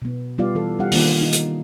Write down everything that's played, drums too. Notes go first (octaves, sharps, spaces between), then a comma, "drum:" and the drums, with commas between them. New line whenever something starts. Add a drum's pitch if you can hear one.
B2 B3
G3 B3 F4 G4 D5 F5
E3 A4
G3 C#4 G4 F5 F#5
D#3 A#3 D4 F4, drum: open hi-hat
D#4
drum: hi-hat